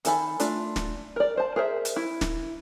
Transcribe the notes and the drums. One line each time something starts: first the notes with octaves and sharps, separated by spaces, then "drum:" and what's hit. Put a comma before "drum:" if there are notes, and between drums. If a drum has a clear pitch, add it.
D#3 A4 G#5 B5, drum: hi-hat
A3 D4 F4, drum: hi-hat
drum: snare
A#4 D5
C5 A5
G#4 A#4 C5 D#5 E5
drum: hi-hat
E4
drum: snare